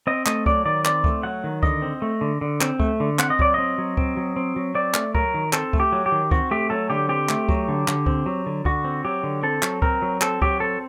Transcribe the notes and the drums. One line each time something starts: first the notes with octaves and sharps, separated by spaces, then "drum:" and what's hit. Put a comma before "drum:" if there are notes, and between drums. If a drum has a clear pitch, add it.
C4 D#5
A3 D#5, drum: clap
F#3 D5, drum: kick C#2
D#3 D5
C4 D5, drum: clap
A3, drum: kick C#2
F#3 F#5
D#3
D3 D#5, drum: kick C#2
C4
A3
D3
D3
C4, drum: clap
A3, drum: kick C#2
D3
C4 F#5, drum: clap
D#5
F#3 D5, drum: kick C#2
C4 D#5
F#3
C4, drum: kick C#2
F#3
C4
F#3
C4 D5
A3, drum: clap
F#3 A#4, drum: kick C#2
D#3
C4 A4, drum: clap
A3, drum: kick C#2
G4
F#3
G4
D#3
C4 F#4, drum: kick C#2
A3 G4
F#3 A4
D3 G4
C4 G4
A3, drum: clap
F#3, drum: kick C#2
D3
D3, drum: clap
C4, drum: kick C#2
F#3
D3
D3 F#4, drum: kick C#2
C4
F#3 G4
D3
C4 A4
F#3, drum: clap
C4 A#4, drum: kick C#2
F#3
C4 A4, drum: clap
F#3 G4, drum: kick C#2
C4 A4